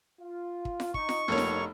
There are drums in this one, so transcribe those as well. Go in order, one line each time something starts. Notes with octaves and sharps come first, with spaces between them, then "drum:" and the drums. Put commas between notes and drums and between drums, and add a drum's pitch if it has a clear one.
F4
drum: kick
drum: snare F4
D#4 C#6, drum: kick
drum: snare F4
F1 G2 B2 A#3 D#4 C#5
drum: snare F4